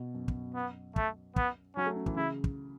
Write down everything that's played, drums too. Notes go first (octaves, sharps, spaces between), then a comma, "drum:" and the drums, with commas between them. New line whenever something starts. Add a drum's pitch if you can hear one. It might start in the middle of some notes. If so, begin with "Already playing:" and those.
Already playing: B2
F#2
drum: kick
B3
A3, drum: kick
B3, drum: kick
F#3 C#4
A3
C#4
E3, drum: kick
C#3 E4
drum: kick